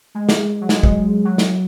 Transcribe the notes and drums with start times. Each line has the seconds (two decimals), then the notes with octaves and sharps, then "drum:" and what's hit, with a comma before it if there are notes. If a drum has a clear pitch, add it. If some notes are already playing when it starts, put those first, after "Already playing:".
0.15 G#3
0.29 drum: snare
0.61 F#3
0.69 G#3, drum: snare
0.83 drum: kick
1.25 F#3
1.38 drum: snare